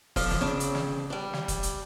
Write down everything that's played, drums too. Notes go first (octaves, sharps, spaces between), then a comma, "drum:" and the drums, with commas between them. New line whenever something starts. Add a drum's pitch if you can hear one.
F3 D4 A4 C5, drum: kick F1, open hi-hat
drum: snare
C#3 C4 D4
drum: hi-hat
drum: snare
G3 D4
drum: snare
drum: kick F1, hi-hat
drum: hi-hat